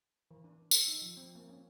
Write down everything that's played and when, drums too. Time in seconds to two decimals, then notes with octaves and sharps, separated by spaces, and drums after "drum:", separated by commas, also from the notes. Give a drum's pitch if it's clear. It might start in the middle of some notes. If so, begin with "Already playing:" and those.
0.31 E3
0.44 D4
0.71 A4, drum: tambourine
0.88 D#4
1.02 F3
1.17 C4
1.35 A#3
1.49 C#4